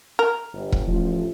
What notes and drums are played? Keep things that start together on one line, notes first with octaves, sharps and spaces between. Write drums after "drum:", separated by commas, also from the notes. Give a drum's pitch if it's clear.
A#4
G1
drum: kick E1
A1 F3